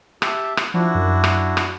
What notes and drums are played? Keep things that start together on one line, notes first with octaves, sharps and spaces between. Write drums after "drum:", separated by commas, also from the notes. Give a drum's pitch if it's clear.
G4 E5 A5, drum: rim click
drum: rim click
F3 D4 E4 F#4
F#2
drum: rim click
drum: rim click